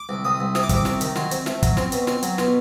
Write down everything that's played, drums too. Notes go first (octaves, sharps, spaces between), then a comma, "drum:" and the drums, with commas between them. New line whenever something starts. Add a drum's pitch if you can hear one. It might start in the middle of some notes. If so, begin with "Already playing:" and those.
Already playing: D6
C2
C2 D#6
C2
C3 D#6, drum: snare
D6
C2 C#6, drum: kick, hi-hat
D6
C3 C#6, drum: snare
D#3, drum: hi-hat
F#3 C6, drum: snare
C4, drum: hi-hat
A3, drum: snare
F#3, drum: kick, hi-hat
C4 C6, drum: snare
B2, drum: hi-hat
C4 C6, drum: snare
F#3, drum: hi-hat
B2 C6, drum: snare